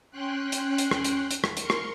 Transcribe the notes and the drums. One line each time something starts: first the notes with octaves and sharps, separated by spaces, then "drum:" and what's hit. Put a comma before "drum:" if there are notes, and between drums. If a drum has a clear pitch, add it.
C#4 G5 C6 F#6
drum: hi-hat
drum: hi-hat
drum: rim click
drum: hi-hat
drum: hi-hat
drum: rim click
A#4 C6 C#6 C#7, drum: hi-hat
drum: rim click